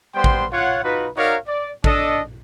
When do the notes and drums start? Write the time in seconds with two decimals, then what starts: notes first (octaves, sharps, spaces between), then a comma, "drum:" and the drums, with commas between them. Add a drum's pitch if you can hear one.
0.15 G3 B3 C5 G5 C6
0.24 drum: kick A1
0.52 F4 C#5 F#5
0.84 D#4 F4 F#4 B4
1.17 D#4 F#4 A#4 C#5 D5 F5
1.47 D5
1.84 D4 A4 D#5, drum: kick A1